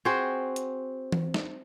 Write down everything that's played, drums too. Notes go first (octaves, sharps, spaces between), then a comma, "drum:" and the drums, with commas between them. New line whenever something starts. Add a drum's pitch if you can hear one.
C4 F#4 G#4 C5
drum: hi-hat
drum: tom E3
drum: snare